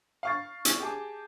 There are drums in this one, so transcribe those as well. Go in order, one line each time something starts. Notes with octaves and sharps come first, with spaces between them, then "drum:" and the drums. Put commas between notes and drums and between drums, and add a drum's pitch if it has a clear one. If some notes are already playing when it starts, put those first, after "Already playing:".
F5 C#6 A6
drum: hi-hat
G4 G#4 A5 D6